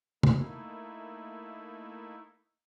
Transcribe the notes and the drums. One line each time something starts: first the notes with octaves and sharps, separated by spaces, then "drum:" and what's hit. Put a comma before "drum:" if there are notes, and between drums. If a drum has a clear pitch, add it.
A3 A#3 D#4 E4, drum: tom